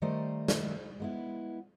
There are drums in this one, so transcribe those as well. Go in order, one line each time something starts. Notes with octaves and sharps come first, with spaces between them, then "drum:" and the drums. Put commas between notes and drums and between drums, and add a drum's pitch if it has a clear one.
D#3 G3 A3 A#4 C5 D#5
drum: snare
G#3 B3 E4